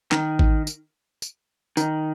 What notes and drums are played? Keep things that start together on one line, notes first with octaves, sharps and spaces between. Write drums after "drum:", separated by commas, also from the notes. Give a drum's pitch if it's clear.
D#3, drum: clap
drum: kick A1
drum: tambourine
drum: tambourine
D#3, drum: tambourine